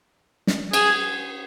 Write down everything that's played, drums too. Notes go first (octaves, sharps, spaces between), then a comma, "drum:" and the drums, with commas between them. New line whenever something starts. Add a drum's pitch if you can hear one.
drum: snare
G#4, drum: cymbal